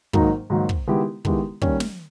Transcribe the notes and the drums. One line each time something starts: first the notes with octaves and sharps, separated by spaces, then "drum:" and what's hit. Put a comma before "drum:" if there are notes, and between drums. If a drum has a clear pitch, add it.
G#2 D#3 F#3 A#3 D#4, drum: kick
G#2 D#3 F#3 A#3 D#4
drum: kick
D#3 G#3 B3 E4 G4
D#3 G#3 B3 E4 G4, drum: kick
D#3 G3 A#3 C#4, drum: kick
drum: snare